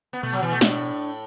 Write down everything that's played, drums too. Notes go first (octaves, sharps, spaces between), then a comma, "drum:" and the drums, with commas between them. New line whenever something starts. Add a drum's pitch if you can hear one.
B3
B2 A3
F#3
B2 E3
A3
A2 D4, drum: snare